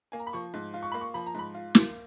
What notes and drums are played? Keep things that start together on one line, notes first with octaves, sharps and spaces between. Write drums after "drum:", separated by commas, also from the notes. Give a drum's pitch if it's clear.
A#3 G#5
A#5
B5
F3 C#6
G#2
F4
C#6
A#3 B5
C#6
F3 B5
A#5
G#2 B5
F4
A#3, drum: snare